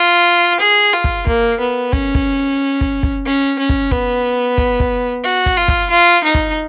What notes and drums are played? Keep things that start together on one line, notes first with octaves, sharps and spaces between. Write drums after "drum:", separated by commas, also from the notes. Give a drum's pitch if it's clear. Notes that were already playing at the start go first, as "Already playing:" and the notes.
Already playing: F4
G#4
F4
drum: kick
A#3, drum: kick
B3
C#4, drum: kick
drum: kick
drum: kick
drum: kick
C#4
C#4
drum: kick
B3, drum: kick
drum: kick
drum: kick
F#4
drum: kick
F4
drum: kick
F4
D#4
drum: kick